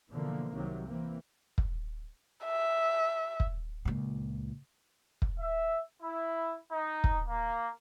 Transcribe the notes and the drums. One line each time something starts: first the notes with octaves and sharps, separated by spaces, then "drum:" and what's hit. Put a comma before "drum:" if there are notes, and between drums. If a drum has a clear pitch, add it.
B2 D3 E3 F3 A#3
C2 C3 D#3 F#3
E3 A#3 C4
drum: kick
E5
drum: kick
C#2 A#2
drum: kick
E5
E4
D#4
drum: kick
A#3